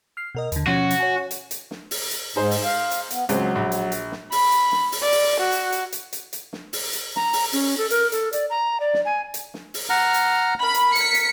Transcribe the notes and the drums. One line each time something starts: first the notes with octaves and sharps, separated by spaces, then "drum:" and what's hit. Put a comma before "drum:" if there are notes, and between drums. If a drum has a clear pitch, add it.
F6 C7
B2 A#4 D#5
D#2 D3, drum: hi-hat
B2 F3 C#4 F#4
drum: hi-hat
C#5 G#5
drum: hi-hat
drum: hi-hat
drum: snare
drum: open hi-hat
drum: hi-hat
G#2 D#4 G#4 C5
drum: open hi-hat
F5
drum: hi-hat
B3, drum: hi-hat
C#2 F#3 G#3 C4, drum: hi-hat
A#1
drum: hi-hat
drum: hi-hat
drum: snare
B5, drum: open hi-hat
drum: hi-hat
drum: snare
drum: open hi-hat
D5
drum: open hi-hat
F#4
drum: hi-hat
drum: hi-hat
drum: hi-hat
drum: hi-hat
drum: hi-hat
drum: snare
drum: open hi-hat
drum: hi-hat
A#5, drum: snare
drum: open hi-hat
C#4, drum: open hi-hat
A4
A#4, drum: hi-hat
A4, drum: hi-hat
D5, drum: hi-hat
A#5
D5
drum: snare
G#5
drum: hi-hat
drum: snare
drum: open hi-hat
F#5 A#5 F6
drum: hi-hat
A#4 B5
drum: hi-hat
B6 C#7, drum: hi-hat
drum: hi-hat